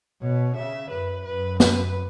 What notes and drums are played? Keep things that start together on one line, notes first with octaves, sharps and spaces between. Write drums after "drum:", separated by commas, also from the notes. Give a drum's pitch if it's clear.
B2 C#5
C#3 E5
F#2 B4
F#2 B4
B4, drum: snare